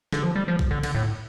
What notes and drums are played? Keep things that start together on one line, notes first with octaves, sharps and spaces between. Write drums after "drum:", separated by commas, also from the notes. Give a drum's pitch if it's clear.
D3, drum: snare
F3
G3
F3
drum: kick B1
D3
D3, drum: cymbal
A2